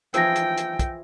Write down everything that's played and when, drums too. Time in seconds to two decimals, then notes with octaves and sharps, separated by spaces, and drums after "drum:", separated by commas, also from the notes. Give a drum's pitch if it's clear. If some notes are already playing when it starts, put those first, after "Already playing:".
0.14 E3 F3 G#4 G5 E6 A#6, drum: hi-hat
0.36 drum: hi-hat
0.58 drum: hi-hat
0.79 drum: kick, hi-hat